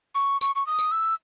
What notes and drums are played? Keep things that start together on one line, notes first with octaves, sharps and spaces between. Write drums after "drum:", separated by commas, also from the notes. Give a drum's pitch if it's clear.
C#6
C#6, drum: tambourine
C#6
D#6
drum: tambourine
E6